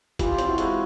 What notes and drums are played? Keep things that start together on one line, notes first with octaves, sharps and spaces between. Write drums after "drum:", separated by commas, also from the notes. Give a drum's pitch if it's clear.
E3 F4 G4, drum: kick, hi-hat
C4, drum: hi-hat
E4 F#4
G#3, drum: hi-hat